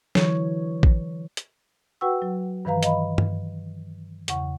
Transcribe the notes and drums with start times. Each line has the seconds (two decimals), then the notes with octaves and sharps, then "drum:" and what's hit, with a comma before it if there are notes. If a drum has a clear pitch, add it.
0.15 D3 E3 F#3 C#5, drum: snare
0.83 drum: kick A1
1.37 drum: hi-hat
2.01 F#4 B4 F#5 G5 C#6 E6
2.22 F#3
2.65 G2 D#3 E3 B4 F5 A#5
2.83 D#5 F5 B5, drum: hi-hat
3.18 drum: tom G2
4.28 E2 C#3 F#5 C#6, drum: hi-hat